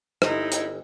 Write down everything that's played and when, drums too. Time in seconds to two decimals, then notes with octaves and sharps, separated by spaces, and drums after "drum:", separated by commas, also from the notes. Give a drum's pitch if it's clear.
0.22 G1 G#3 C4 D#4 E4, drum: rim click
0.52 drum: hi-hat